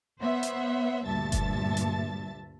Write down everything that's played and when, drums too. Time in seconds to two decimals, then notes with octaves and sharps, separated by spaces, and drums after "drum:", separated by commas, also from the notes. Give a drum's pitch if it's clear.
0.20 B3 C5 C#5 E5 F#5
0.43 drum: hi-hat
1.06 D2 G2 A#2 E5 A5 A6
1.32 drum: kick F#1, hi-hat
1.77 drum: hi-hat